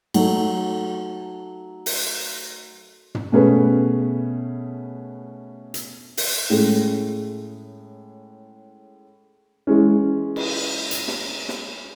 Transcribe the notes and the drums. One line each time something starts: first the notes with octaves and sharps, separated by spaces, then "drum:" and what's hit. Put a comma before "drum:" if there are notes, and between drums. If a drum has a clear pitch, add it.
F#3 A3 D#4 A4, drum: cymbal
drum: open hi-hat
drum: tom
B2 A3 C#4 G#4 B4
drum: hi-hat
drum: open hi-hat
A2 G#3 C#4 G#4
E3 G#3 C#4
drum: cymbal
drum: hi-hat
drum: snare
drum: snare